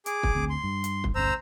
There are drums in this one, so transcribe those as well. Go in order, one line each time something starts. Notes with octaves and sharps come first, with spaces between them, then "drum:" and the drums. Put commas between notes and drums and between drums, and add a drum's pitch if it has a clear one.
G#4 D6, drum: hi-hat
drum: kick
D2 C4
C6
G2
drum: hi-hat
drum: kick
G1 D2 C#4 C5 A#5 E6